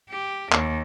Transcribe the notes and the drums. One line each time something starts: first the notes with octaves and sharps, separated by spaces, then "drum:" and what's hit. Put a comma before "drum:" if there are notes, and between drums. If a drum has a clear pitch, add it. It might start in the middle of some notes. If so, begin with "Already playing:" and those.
G4
D#2, drum: clap